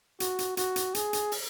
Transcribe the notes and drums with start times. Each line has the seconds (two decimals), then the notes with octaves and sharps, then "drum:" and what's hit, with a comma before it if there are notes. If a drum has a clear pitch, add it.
0.20 F#4, drum: hi-hat
0.39 drum: hi-hat
0.57 F#4, drum: hi-hat
0.76 drum: hi-hat
0.95 G#4, drum: hi-hat
1.13 drum: hi-hat
1.32 drum: open hi-hat